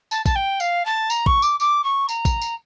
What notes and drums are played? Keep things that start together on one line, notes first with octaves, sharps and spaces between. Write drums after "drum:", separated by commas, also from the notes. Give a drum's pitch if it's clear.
A5, drum: tambourine
A5, drum: kick, tambourine
G5
F5, drum: tambourine
A5
A#5, drum: tambourine
C#6, drum: kick
D6, drum: tambourine
D6, drum: tambourine
C#6
A#5, drum: tambourine
drum: kick, tambourine
drum: tambourine